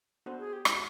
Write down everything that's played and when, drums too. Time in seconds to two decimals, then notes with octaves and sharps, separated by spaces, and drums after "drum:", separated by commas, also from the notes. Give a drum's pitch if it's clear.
0.26 B3 D4 F#4 A4 C5
0.39 G#4
0.53 G4
0.65 G#3 C#4 E4 G4, drum: rim click
0.74 F#4